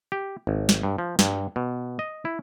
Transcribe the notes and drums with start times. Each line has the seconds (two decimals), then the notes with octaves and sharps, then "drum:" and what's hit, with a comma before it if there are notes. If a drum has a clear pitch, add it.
0.12 G4
0.47 G#1
0.69 drum: snare
0.83 G2
0.98 F3
1.19 G2, drum: snare
1.56 B2
1.99 D#5
2.25 E4